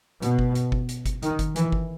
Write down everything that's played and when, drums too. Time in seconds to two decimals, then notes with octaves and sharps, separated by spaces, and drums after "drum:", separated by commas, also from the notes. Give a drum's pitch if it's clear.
0.22 B2, drum: hi-hat
0.39 drum: kick G1
0.55 drum: hi-hat
0.72 drum: kick G1
0.89 drum: hi-hat
1.06 drum: kick G1, hi-hat
1.23 D#3, drum: hi-hat
1.39 drum: kick G1, hi-hat
1.56 E3, drum: hi-hat
1.72 drum: kick G1